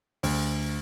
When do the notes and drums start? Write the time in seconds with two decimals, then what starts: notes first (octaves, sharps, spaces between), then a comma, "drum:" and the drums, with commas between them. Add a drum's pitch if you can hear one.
0.23 D2, drum: open hi-hat